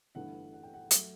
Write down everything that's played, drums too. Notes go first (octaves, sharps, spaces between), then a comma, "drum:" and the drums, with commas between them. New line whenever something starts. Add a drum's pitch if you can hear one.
G1 G2 E3 A3 F#5
F#5
G5
F#5
F#3 A3 E5, drum: hi-hat